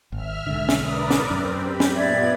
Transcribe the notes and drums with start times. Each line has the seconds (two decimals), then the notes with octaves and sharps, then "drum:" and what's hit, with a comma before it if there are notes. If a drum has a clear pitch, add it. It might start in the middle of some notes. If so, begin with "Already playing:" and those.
0.12 G#1 E5 F6
0.47 B1 G#2 D3
0.69 drum: snare
0.83 A#4 B4 D5 D#6
1.11 drum: snare
1.31 F#2 C4
1.61 G4 B5
1.80 drum: snare
1.96 A#2 B3 D5 E5 G#6